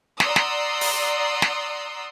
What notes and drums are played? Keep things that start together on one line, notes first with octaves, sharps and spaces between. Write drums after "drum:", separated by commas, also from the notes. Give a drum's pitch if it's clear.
D5 F#5 A#5 C6 D#6 E6, drum: snare
drum: snare
drum: open hi-hat
drum: snare